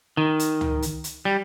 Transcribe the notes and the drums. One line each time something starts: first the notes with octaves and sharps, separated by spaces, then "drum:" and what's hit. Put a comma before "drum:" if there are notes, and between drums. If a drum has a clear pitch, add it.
D#3
drum: hi-hat
drum: tom C#2
drum: hi-hat
drum: hi-hat
G3